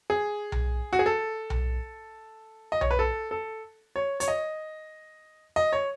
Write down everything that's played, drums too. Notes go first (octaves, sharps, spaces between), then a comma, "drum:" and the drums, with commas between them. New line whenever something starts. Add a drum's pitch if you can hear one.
G#4
drum: tom B1
F#4
G#4
A4
drum: tom B1
D#5
C#5, drum: tom B1
B4
A4
A4
C#5
C#5, drum: hi-hat
D#5
D#5
C#5